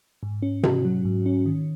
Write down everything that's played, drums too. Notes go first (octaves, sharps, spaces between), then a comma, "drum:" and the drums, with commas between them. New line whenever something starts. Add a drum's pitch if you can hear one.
G#2
C#4
F#4, drum: tom C3
F#3
G#2
C#4
D#3